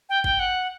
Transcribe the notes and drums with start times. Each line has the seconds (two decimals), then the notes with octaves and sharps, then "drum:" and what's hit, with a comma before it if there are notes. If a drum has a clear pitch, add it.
0.09 G5
0.24 G5, drum: kick
0.39 F#5